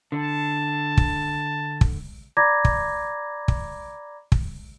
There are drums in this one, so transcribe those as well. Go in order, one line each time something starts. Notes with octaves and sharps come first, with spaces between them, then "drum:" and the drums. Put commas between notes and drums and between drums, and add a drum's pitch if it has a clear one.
D3 A5
drum: kick
drum: kick
D5 A#5 B5 D6 G#6 A#6
drum: kick
drum: kick
drum: kick